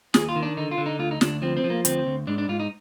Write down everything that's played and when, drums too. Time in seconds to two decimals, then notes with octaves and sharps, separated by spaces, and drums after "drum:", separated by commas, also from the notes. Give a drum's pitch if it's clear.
0.14 D#2 G#4, drum: snare
0.29 F4
0.36 D#3
0.43 D4
0.57 D3 D#4
0.71 F4
0.78 D3
0.86 D#4
0.99 D2 F4
1.11 D#4
1.21 D2 D4, drum: snare
1.42 F3 C4
1.57 C4
1.64 F3
1.70 A#3
1.85 D2 C4, drum: hi-hat
2.07 D2
2.27 G#2 D4
2.38 D4
2.49 G#2 F4
2.60 D#4